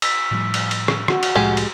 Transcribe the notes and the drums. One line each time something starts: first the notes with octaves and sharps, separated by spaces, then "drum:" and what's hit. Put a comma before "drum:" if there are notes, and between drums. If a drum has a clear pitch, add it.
E6 B6, drum: cymbal
A2 F3 G3
drum: cymbal
drum: cymbal
drum: rim click
F#4, drum: rim click
drum: cymbal
C2 A2 F3 G#3 G4
drum: cymbal